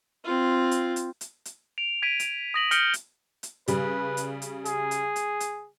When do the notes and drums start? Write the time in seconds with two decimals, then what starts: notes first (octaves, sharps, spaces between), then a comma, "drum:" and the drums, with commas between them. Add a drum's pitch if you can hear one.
0.24 C4 F4
0.71 drum: hi-hat
0.96 drum: hi-hat
1.21 drum: hi-hat
1.45 drum: hi-hat
1.78 D7 F7
2.02 G#6 B6 D7 D#7
2.19 drum: hi-hat
2.54 D#6 A#6 F#7
2.71 F6 G6 A#6 C#7 D7 G7, drum: hi-hat
2.94 drum: hi-hat
3.43 drum: hi-hat
3.68 C#3 G3 B4, drum: hi-hat
4.17 drum: hi-hat
4.42 drum: hi-hat
4.65 G#4, drum: hi-hat
4.91 drum: hi-hat
5.16 drum: hi-hat
5.40 drum: hi-hat